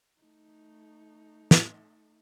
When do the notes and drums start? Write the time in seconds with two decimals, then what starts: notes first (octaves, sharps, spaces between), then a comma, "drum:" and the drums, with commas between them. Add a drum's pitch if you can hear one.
0.20 A3 D#4
1.51 drum: snare